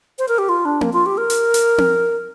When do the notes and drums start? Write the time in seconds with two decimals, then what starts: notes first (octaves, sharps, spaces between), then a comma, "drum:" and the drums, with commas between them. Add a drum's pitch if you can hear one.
0.19 C5
0.28 A#4
0.38 G4
0.49 F4
0.65 D4
0.81 A#3, drum: tom C4
0.93 F4
1.06 G4
1.18 A#4
1.30 drum: hi-hat
1.54 drum: hi-hat
1.78 drum: tom C4